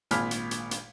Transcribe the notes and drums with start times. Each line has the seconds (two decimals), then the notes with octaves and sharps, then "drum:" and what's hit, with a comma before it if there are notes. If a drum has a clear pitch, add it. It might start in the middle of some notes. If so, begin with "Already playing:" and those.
0.11 G#1 A#2 G#5 B5 F6 B6, drum: hi-hat
0.31 drum: hi-hat
0.51 drum: hi-hat
0.71 drum: hi-hat